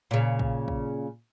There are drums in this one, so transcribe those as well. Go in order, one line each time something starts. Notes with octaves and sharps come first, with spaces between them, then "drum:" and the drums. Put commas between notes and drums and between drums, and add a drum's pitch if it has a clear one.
A#2 C#3
drum: kick
drum: kick